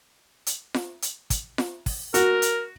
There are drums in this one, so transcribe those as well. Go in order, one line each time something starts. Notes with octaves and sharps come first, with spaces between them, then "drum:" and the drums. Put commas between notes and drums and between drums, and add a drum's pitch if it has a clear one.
drum: hi-hat
drum: snare F4
drum: hi-hat
drum: kick, hi-hat
drum: snare F4
drum: kick, open hi-hat
F#4 A#4, drum: hi-hat
drum: hi-hat